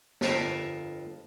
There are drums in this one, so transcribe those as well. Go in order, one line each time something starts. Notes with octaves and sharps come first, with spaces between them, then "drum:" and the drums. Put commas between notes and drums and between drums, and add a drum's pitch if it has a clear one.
G1 F2 F4 A#4 E5, drum: snare